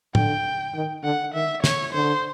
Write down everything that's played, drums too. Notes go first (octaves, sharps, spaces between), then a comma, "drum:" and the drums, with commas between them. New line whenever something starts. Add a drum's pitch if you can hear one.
D3 G5, drum: tom
D#3
D3 F#5
D#3 E5
C#5, drum: snare
D3 C5